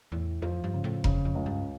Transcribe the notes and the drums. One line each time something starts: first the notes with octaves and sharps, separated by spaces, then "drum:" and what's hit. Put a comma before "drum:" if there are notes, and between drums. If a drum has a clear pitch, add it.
E2 A2
F2 F3
G2
C#3
A2
F2 C#3, drum: kick F1
F2
C#2
G2